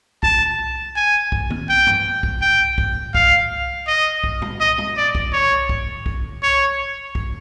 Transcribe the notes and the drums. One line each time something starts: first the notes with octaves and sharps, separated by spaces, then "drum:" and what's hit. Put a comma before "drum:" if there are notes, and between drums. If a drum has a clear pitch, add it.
A5, drum: kick B1
G#5
drum: kick B1
drum: tom
G5
drum: tom
drum: kick B1
G5
drum: kick B1
F5, drum: kick B1
D#5
drum: kick B1
drum: tom
D#5
drum: tom
D5
drum: kick B1
C#5
drum: kick B1
drum: kick B1
C#5
drum: kick B1